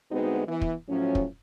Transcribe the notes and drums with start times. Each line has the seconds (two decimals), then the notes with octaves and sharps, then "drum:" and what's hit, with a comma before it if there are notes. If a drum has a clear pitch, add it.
0.11 D2 G#3 B3 C4 D#4 F#4
0.47 E3 B3
0.61 drum: kick
0.88 A2 F3 F#3 C#4
1.15 drum: kick